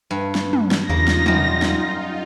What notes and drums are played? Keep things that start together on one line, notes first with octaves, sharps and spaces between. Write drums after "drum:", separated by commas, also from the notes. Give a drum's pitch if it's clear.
G2
drum: snare
drum: tom
drum: snare
E2 C#3 A#3 D#4 F4 A#6
drum: snare
F#2 G3, drum: tom
drum: snare